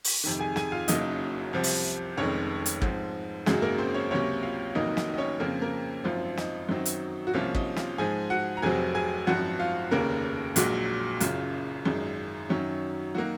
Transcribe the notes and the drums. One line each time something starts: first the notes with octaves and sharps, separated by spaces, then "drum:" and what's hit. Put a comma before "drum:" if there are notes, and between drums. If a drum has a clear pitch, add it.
drum: open hi-hat
F2 C3 D#3
G#4 G#5
G#4 G#5, drum: snare
F4 F5
F#1 F#2 C#3 F#3 A#3 D#4 D#5, drum: hi-hat
C2 C3 F3 C4
drum: open hi-hat
F1 F2 D#3 G#3 C#4 C#5
drum: hi-hat
G#2 F3 C4, drum: kick
G#1 F#2 C#3 F#3 G#3 G#4, drum: snare
A#3 A#4
C4 C5
C#4 C#5
C#2 C3 F#3 A#3 C#4 C#5
F4 F5
F1 F2 D#3 F#3 A#3 D#4 D#5
D#4 D#5, drum: snare
D#5
C#4 C#5
F2 C#3 F3 A#3 C4 A#4
A#3 A#4
G#1 F#2 F3 C4 F4
D#4, drum: snare
F#2 D#3 F#3 C4
drum: hi-hat
F#4
C2 C3 F3 A#3 C#4 F4
D#4 D#5, drum: kick
F4 F5, drum: snare
G#2 F3 G#3 G#4 G#5
F#4 F#5
A#5
F1 F2 C3 F#3 C4 G#4 G#5
G#4 G#5
G#1 F#2 F3 C4 F#4 F#5
F4 F5
F1 D#2 C#3 A#3 A#4
A#1 A#2 F#3 G#3 F#4, drum: hi-hat
F#1 F#2 C#3 F4, drum: hi-hat
G#1 F#2 D#3 G#3
F#2 D#3 F#3 C#4
D#3 F#3 A#3 F#4